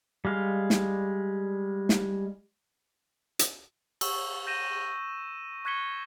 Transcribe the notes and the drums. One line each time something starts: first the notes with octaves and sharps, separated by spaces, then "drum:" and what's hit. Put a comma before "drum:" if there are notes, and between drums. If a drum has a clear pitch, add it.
G3 G#3 F5
drum: snare
drum: snare
drum: hi-hat
C#6 E6, drum: cymbal
G6 A#6 D#7 E7
C#6 F#6 G#6 B6 C#7 G7